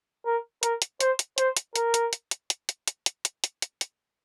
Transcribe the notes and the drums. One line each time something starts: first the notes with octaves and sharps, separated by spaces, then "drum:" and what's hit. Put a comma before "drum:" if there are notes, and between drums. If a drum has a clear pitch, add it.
A#4
A#4, drum: hi-hat
drum: hi-hat
C5, drum: hi-hat
drum: hi-hat
C5, drum: hi-hat
drum: hi-hat
A#4, drum: hi-hat
drum: hi-hat
drum: hi-hat
drum: hi-hat
drum: hi-hat
drum: hi-hat
drum: hi-hat
drum: hi-hat
drum: hi-hat
drum: hi-hat
drum: hi-hat
drum: hi-hat